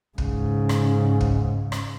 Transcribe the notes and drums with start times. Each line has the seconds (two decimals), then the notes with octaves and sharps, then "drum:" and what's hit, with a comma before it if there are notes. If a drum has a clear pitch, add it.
0.18 G#2 C#3, drum: kick
0.69 drum: rim click
1.21 drum: kick
1.72 drum: rim click